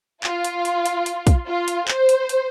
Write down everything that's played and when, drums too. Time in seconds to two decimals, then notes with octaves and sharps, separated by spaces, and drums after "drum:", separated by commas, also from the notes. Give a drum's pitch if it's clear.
0.24 F4, drum: clap
0.44 drum: hi-hat
0.65 drum: hi-hat
0.86 drum: hi-hat
1.06 drum: hi-hat
1.27 drum: kick, hi-hat
1.47 F4
1.68 drum: hi-hat
1.88 C5, drum: clap
2.09 drum: hi-hat
2.29 drum: hi-hat